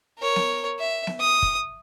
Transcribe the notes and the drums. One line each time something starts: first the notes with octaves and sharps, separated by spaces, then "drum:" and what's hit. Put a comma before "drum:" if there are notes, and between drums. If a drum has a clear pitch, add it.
A#4 C#5
drum: snare B3
E5
drum: snare B3
D#6
drum: kick